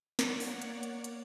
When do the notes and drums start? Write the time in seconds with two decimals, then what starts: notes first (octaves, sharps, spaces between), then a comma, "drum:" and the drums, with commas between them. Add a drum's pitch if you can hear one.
0.19 A#3 C#5 D5 F#5, drum: snare
0.40 drum: open hi-hat
0.62 drum: hi-hat
0.83 drum: hi-hat
1.04 drum: hi-hat